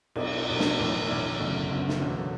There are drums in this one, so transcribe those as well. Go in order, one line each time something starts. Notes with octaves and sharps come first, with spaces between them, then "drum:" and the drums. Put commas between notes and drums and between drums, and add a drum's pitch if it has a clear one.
B1 B2 B3 D4, drum: cymbal
B1 B2 B3 D4
drum: snare
B1 A2 E3 D4
B1 A2 E3 D4
F#1 F#2 D3 B3
F#1 F#2 D3 B3
drum: snare
E1 E2 D3 F#3